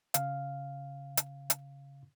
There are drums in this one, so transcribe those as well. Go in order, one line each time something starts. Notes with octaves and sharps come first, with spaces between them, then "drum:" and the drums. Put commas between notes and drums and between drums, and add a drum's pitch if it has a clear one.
C#3 F5, drum: hi-hat
drum: hi-hat
drum: hi-hat